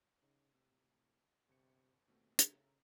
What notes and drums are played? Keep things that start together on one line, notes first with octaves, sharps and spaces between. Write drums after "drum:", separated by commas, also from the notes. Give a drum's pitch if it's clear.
C#3 D#4
A2 C3
G1 C3 C#7
D#2 B2 A3 C4
C#3 A4 E5 A#5, drum: hi-hat